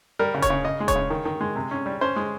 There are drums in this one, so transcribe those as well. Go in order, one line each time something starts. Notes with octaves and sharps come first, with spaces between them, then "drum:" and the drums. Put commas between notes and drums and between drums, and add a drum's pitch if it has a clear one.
G3 A#4
C#3
C#5, drum: kick D#1, hi-hat
C#3
C#3 D#5
G#3
C#5, drum: kick D#1, hi-hat
C#3
D#3
D#3
G#3
C3
C#4
G3
C#4 C5
G#3